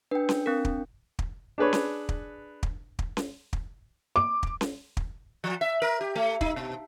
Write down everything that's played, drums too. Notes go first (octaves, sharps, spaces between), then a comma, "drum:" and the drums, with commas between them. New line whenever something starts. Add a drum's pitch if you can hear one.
D4 B4 G5
drum: snare C#4
C4 A#4
drum: kick
drum: kick
D4 G#4 B4 C#5
drum: snare C#4
drum: kick
drum: kick
drum: kick
drum: snare C#4
drum: kick
D6
drum: kick
drum: snare C#4
drum: kick
F3
E5
A#4
G4
A3
D#4, drum: kick
B2